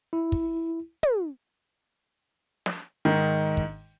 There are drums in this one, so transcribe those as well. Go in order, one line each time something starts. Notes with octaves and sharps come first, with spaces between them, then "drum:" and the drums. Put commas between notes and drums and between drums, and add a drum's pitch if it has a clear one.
E4
drum: kick
drum: tom
drum: snare
G#2 D#3
drum: kick